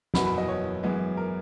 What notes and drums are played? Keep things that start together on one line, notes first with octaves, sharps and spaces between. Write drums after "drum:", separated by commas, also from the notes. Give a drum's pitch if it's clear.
F#1 E2 B2 F#3 B3 B5, drum: snare
B5
D#5
C#5
F#2 E3 G#3 B3
A#4